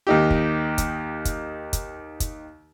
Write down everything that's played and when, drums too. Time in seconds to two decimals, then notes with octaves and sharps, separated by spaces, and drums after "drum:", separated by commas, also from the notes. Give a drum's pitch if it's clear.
0.07 D#2 D#4 G4
0.30 drum: kick
0.78 drum: kick, hi-hat
1.25 drum: kick, hi-hat
1.73 drum: kick, hi-hat
2.20 drum: kick, hi-hat